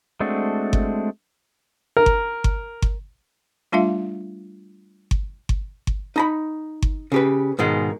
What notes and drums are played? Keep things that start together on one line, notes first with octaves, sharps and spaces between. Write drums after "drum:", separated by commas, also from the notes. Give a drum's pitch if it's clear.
G#3 A3 C4 D4 F#4
drum: kick G1
A#4
drum: kick G1
drum: kick G1
drum: kick G1
G3 A3 D4 F4 E5 F5
drum: kick G1
drum: kick G1
drum: kick G1
D#4 A#5 B5
drum: kick G1
C#3 G4 B4
G#2 B2 D#3 G#3